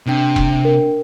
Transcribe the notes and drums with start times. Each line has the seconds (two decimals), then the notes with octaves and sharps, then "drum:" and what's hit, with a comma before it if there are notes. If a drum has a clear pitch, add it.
0.06 C3 A#3 D4 G5
0.36 drum: kick E1
0.65 A#4